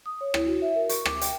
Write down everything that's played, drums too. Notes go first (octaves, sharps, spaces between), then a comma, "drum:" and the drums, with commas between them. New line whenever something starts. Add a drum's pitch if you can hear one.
D#6
C#5
E4, drum: rim click
F#4
E5
A#4
C#6, drum: hi-hat
D6, drum: rim click
G5, drum: hi-hat